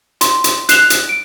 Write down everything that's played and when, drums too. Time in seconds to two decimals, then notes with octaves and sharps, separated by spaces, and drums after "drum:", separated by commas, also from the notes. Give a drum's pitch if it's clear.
0.21 C6, drum: hi-hat
0.44 drum: hi-hat
0.69 F#6 C7 E7 F7 G7, drum: hi-hat
0.90 drum: hi-hat
1.09 D7